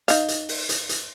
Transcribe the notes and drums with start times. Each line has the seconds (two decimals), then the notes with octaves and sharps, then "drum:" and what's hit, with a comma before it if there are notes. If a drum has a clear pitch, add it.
0.08 D#4 F5, drum: hi-hat
0.28 drum: hi-hat
0.49 drum: open hi-hat
0.69 drum: hi-hat
0.89 drum: hi-hat